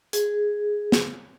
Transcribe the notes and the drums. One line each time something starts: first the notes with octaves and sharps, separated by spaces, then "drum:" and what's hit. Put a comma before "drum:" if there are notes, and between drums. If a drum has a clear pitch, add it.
G#4, drum: hi-hat
drum: snare